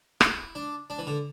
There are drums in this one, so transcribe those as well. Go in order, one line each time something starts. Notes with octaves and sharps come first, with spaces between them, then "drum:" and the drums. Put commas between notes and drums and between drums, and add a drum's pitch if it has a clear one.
E4, drum: rim click
D4
D4
E3
D3